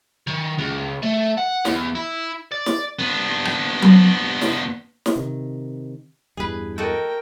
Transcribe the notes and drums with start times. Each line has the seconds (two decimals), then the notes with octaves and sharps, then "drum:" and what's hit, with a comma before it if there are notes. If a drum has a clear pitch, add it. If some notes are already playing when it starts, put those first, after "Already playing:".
0.27 D#3
0.58 C#2
1.03 A3
1.38 F#5
1.65 E2, drum: snare
1.95 E4
2.52 D5
2.66 drum: snare
2.99 B3 D4
3.45 drum: rim click
3.82 drum: tom F#3
4.41 drum: snare
5.06 drum: snare
5.16 C3 D#3
6.37 E2 G2 G#4 B4
6.78 F#4 A4 A#4 D#5 G5